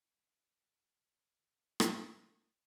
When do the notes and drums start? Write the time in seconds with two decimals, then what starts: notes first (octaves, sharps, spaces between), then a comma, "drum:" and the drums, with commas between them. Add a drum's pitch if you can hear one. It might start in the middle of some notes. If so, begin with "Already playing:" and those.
0.24 E4 F5
1.80 drum: rim click